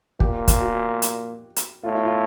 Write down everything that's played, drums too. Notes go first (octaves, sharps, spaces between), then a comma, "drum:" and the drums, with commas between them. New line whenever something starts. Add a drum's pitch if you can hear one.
A#2 G4, drum: kick
drum: kick, hi-hat
F#4
drum: hi-hat
drum: hi-hat
A2 F4
E4
F4